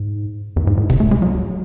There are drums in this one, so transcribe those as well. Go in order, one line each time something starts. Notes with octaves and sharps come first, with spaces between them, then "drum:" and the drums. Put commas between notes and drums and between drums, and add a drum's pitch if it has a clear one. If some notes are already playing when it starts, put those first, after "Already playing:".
Already playing: G#2
E2
G#2
A2
C3, drum: kick
A3
G#3
F#3